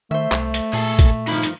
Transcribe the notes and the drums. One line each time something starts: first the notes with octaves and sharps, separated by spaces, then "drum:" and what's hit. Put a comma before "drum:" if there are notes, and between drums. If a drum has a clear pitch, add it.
D#3 A3 C5 E5
C2, drum: clap
drum: hi-hat
A#2 G#4 A4
drum: kick A#1, hi-hat
G2 D#3 F3 D#4 B5
drum: hi-hat